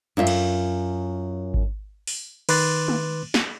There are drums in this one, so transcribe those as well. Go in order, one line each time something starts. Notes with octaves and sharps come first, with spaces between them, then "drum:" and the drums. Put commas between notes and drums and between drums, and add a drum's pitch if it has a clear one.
F#2 E4 F4 E5
drum: cymbal
drum: kick G#1
drum: open hi-hat
D#3 B4 C6 D6 F#6 A6, drum: cymbal
drum: tom G#3
drum: snare